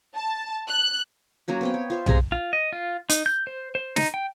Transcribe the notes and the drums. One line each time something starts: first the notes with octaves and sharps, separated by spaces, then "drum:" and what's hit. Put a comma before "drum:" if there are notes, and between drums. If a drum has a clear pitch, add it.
A5
F#6
F#3 A#3 C#4 F#4
B3 C4 G5
C#5
F4 C5 E5
C3 G#3 G#4 A#5, drum: tom B1
F4
D#5
F4
D#4, drum: hi-hat
G6
C5
C5
D#4, drum: snare
G5